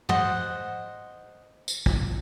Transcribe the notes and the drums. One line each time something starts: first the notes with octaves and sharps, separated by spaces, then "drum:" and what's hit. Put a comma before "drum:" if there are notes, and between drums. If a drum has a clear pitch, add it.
C5 D#5 F#5, drum: tom
drum: tambourine
drum: kick